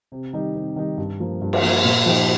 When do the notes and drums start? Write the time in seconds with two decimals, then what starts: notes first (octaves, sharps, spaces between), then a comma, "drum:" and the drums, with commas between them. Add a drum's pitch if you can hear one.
0.12 C3
0.33 D#3 G3 D#4
0.54 C3
0.76 D#3 G3 D#4
0.98 G2
1.20 F3 A#3
1.42 G2
1.53 drum: cymbal
1.63 F3 A#3
1.85 A#2
2.06 F3 D#4 G4